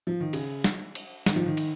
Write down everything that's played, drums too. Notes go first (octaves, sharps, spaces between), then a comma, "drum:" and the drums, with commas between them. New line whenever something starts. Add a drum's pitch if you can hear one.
F3
D#3
C#3, drum: cymbal
drum: snare
drum: cymbal
D#3, drum: snare
F3
D#3
drum: cymbal